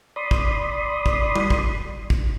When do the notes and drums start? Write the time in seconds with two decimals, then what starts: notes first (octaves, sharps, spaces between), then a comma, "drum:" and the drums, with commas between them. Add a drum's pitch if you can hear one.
0.16 D5 B5 C6 D#6
0.31 drum: kick
1.06 drum: kick
1.36 drum: tom G3
1.50 drum: kick
2.10 drum: kick